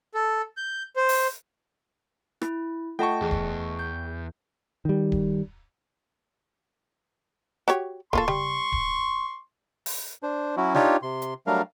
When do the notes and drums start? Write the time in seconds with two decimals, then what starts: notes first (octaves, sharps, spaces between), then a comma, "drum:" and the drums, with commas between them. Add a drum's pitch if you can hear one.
0.14 A4
0.57 G6
0.96 C5
1.09 drum: open hi-hat
2.42 E4, drum: rim click
2.99 A3 F4 A4 D#5 F#5 G5 A5 C#6
3.22 E2 G#4
3.31 drum: kick D1
3.79 G6
4.85 D#3 G3
5.12 drum: kick D1
7.68 F#4 G4 C#5, drum: rim click
8.13 A#3 F4 A4 C6 C#6, drum: kick D1
8.28 G3, drum: tom C#3
8.72 drum: kick D1
9.86 drum: open hi-hat
10.23 D4 C5
10.57 F#3 C#4 E4 F#4
10.74 D4 D#4 F4 G4 C#5, drum: snare
11.03 C3 C6
11.22 drum: hi-hat
11.47 F#3 G3 A3 D4 A#4 F5